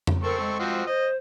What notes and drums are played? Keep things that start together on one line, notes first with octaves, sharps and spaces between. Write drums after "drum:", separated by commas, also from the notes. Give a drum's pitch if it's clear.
drum: tom F2
C4 A4 A#4 C#6
G#3
F3 C4 F#4
C5 D#5